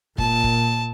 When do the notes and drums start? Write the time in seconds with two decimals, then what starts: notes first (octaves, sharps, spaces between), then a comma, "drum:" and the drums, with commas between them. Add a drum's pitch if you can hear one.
0.18 A#2 A5, drum: kick
0.44 drum: kick